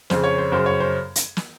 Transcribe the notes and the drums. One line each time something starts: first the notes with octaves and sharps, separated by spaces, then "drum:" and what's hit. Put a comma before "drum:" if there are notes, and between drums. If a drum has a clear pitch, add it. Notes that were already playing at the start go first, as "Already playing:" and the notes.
F2 C#3 C5, drum: snare
C#5
C5
F#2 C#3 C5
C#5
C5
drum: hi-hat
drum: snare